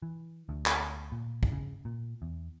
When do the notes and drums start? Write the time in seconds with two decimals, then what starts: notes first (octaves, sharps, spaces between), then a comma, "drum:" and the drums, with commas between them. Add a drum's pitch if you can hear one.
0.02 E3
0.49 D2
0.66 drum: clap
1.12 A#2
1.43 drum: kick
1.52 C#3
1.85 A#2
2.22 E2